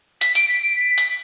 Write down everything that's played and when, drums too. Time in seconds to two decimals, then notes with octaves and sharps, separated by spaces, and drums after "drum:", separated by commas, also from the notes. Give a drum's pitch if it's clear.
0.21 B6, drum: hi-hat
0.35 D7, drum: hi-hat
0.49 B6
0.62 D7
0.76 B6
0.98 drum: hi-hat